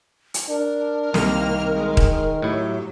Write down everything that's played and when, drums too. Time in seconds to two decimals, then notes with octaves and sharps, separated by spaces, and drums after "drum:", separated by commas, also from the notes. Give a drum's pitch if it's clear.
0.34 drum: hi-hat
0.49 D4 A#4
1.14 C2 C3 D#3 A#3 F6, drum: snare
1.76 G#3
1.97 drum: kick D#1
2.42 A2 F#3 E4 G4